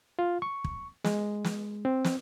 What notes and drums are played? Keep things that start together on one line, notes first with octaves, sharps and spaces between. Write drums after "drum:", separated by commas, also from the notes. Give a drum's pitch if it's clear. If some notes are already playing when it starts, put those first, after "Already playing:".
F4
C#6
drum: kick
G#3, drum: snare
drum: snare
C4
drum: snare